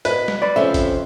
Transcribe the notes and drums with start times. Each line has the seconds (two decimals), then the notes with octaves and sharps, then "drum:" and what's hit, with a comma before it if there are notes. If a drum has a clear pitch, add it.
0.05 B2 B4, drum: hi-hat
0.28 drum: snare
0.42 D5 B5
0.56 F2 C3 F3 C#4 E5
0.74 drum: kick G#1, hi-hat